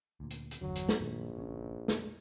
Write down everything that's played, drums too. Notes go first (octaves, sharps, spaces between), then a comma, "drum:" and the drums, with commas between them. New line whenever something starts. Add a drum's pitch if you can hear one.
D2 A#2
drum: hi-hat
drum: hi-hat
G1 E2 D3 F#3
drum: hi-hat
drum: snare
A#1 F#2 A#2 D#3
G1 A#2 C#4
G#3, drum: snare